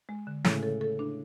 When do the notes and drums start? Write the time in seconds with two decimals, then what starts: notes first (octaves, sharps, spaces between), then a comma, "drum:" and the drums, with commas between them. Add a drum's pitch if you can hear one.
0.09 G#3
0.27 D3
0.45 A2 C#3 G#3, drum: snare
0.63 A4
0.81 A4
0.99 D4